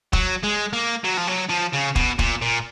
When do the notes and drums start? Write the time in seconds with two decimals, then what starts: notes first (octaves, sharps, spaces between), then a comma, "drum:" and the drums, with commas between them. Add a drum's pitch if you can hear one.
0.13 F#3, drum: kick
0.44 G#3
0.73 A#3
1.04 F#3
1.17 F3
1.27 F#3
1.49 F3
1.73 C#3
1.96 B2, drum: kick
2.19 A#2, drum: kick
2.42 A#2